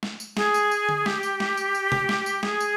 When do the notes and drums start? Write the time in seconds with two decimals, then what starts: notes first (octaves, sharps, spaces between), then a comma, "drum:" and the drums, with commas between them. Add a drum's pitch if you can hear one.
0.03 drum: snare
0.20 drum: tambourine
0.37 G#4, drum: snare
0.54 drum: tambourine
0.71 drum: tambourine
0.89 drum: tom D3
1.06 G4, drum: snare
1.23 drum: tambourine
1.40 drum: snare
1.57 drum: tambourine
1.75 drum: tambourine
1.92 drum: tom C3
2.09 drum: snare
2.26 drum: tambourine
2.43 G#4, drum: snare
2.61 drum: tambourine